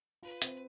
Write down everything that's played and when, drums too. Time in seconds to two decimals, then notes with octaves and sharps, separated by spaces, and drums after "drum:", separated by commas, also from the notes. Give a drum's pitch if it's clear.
0.23 F4 B4
0.42 C4, drum: hi-hat